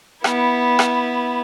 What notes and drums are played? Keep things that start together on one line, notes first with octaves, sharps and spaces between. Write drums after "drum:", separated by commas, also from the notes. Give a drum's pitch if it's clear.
B3 E4, drum: rim click
drum: rim click